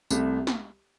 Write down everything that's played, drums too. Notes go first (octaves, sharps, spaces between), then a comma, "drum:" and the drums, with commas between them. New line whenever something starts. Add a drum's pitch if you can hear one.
C2 C3 A3, drum: tambourine
drum: snare